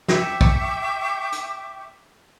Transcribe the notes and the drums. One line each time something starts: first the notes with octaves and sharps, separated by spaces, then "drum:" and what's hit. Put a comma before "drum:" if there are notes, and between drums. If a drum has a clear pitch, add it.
E5 G5 C#6 D6, drum: snare
drum: kick
drum: hi-hat